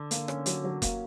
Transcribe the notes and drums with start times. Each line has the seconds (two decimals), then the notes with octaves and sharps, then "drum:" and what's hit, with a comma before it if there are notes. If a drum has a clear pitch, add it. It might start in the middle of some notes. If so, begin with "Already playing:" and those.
Already playing: D3
0.11 A#3, drum: hi-hat
0.28 C#4, drum: rim click
0.46 F#3, drum: hi-hat
0.64 F#3
0.82 A#3, drum: kick F1, hi-hat